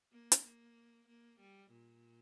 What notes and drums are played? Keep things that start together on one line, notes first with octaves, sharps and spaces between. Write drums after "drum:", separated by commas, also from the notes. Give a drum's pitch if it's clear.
A#3
drum: hi-hat
A#3
A#3
G3
A#2